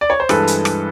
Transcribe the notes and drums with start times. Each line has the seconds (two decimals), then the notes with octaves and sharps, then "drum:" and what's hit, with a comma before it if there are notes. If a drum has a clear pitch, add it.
0.01 D5
0.10 C#5
0.20 C5
0.29 G2 E3 G#3 A4 B4, drum: rim click
0.47 drum: hi-hat
0.65 drum: rim click